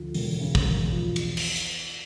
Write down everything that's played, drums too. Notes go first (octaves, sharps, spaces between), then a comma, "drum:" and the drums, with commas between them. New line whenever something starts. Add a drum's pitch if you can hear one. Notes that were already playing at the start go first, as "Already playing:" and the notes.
Already playing: D2 F3
E1, drum: open hi-hat
C#3
drum: kick
E1
F3
drum: cymbal
drum: cymbal
drum: hi-hat